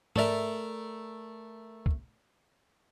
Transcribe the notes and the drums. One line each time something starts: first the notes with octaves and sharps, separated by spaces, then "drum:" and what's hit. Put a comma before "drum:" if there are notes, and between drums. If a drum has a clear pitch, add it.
A3 A4 A#4 D5 E5, drum: tom G#2
drum: kick